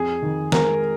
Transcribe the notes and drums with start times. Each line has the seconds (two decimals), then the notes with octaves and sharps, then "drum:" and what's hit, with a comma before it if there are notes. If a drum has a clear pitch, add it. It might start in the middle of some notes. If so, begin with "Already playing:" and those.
Already playing: F2 G#4
0.22 D#3
0.52 G#3 A#4, drum: snare